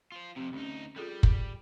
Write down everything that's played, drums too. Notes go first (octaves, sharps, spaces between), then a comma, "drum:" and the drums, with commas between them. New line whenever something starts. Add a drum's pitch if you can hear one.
F4 C5
F2 C3 C4 G4
D2 C#4 D#4
G3 F4 G#4 A4
drum: kick